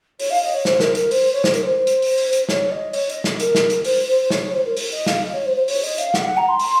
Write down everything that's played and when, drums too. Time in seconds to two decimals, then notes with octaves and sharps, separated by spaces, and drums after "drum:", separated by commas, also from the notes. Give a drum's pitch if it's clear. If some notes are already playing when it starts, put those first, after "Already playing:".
0.20 C#5, drum: open hi-hat
0.30 F5
0.43 D#5
0.54 C#5
0.65 C5, drum: snare
0.80 A#4, drum: snare
0.95 A#4, drum: hi-hat
1.11 C5, drum: open hi-hat
1.33 C#5
1.44 C5, drum: snare
1.54 A#4, drum: hi-hat
1.64 C5
1.87 drum: hi-hat
2.02 drum: open hi-hat
2.18 drum: open hi-hat
2.33 drum: hi-hat
2.49 C#5, drum: snare
2.71 D#5
2.93 C#5, drum: open hi-hat
3.10 D#5, drum: hi-hat
3.24 drum: snare
3.40 A#4, drum: hi-hat
3.55 drum: snare
3.70 drum: hi-hat
3.85 C5, drum: open hi-hat
4.08 C5
4.30 C#5, drum: snare
4.43 C#5
4.53 C5
4.65 A#4
4.77 drum: open hi-hat
4.92 D#5
5.06 F5, drum: snare
5.23 D#5
5.34 C#5
5.46 C5
5.56 C5
5.68 C#5, drum: open hi-hat
5.83 D#5, drum: open hi-hat
5.98 F5, drum: hi-hat
6.14 F#5, drum: snare
6.26 F#5
6.37 A#5
6.49 C6
6.59 drum: open hi-hat